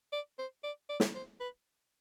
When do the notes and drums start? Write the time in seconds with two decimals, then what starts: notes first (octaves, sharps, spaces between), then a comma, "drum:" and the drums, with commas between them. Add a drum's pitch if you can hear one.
0.13 D5
0.39 C5
0.64 D5
0.89 D5
1.00 drum: snare
1.15 C5
1.40 B4